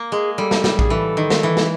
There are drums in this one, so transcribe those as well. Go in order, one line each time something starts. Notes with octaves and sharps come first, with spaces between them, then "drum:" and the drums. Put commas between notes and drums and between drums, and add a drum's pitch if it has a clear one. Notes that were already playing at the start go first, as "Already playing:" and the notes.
Already playing: A#3
G#3 G#4
G3 A4
drum: snare
G3, drum: snare
G#4, drum: kick A#1
E3 A4
D#3
drum: snare
E3
drum: snare